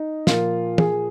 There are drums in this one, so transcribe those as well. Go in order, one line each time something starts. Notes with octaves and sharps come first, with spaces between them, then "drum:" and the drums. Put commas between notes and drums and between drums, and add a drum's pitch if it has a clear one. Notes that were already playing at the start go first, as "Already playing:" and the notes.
Already playing: D#4
A#2 F3 A#3 F4, drum: snare
G#4, drum: tom